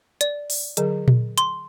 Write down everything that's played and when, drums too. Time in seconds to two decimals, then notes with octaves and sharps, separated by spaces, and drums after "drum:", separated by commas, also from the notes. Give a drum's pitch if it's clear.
0.21 D5, drum: hi-hat
0.50 drum: open hi-hat
0.77 D3 F#3 G#4, drum: hi-hat
1.08 drum: tom A#2
1.38 C6, drum: hi-hat